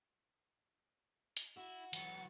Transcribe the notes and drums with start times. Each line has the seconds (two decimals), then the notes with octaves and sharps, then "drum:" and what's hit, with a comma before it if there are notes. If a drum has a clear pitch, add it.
1.37 drum: hi-hat
1.57 E4 F#4
1.93 E3 F#3 A6 C#7, drum: hi-hat